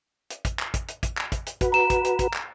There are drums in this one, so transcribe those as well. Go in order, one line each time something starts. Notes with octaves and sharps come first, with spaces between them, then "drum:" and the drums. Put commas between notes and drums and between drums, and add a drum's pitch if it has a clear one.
drum: hi-hat
drum: kick, hi-hat
drum: clap
drum: kick, hi-hat
drum: hi-hat
drum: kick, hi-hat
drum: clap
drum: kick, hi-hat
drum: hi-hat
F#4 B4, drum: kick, hi-hat
A#5 E7
drum: kick, hi-hat
drum: hi-hat
drum: kick, hi-hat
drum: clap